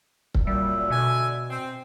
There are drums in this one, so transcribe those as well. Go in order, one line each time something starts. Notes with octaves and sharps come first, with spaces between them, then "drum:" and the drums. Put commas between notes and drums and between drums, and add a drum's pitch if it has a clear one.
drum: kick C#1
F#2 A#2 G3 E5
B2 D3 D5 G#5
C4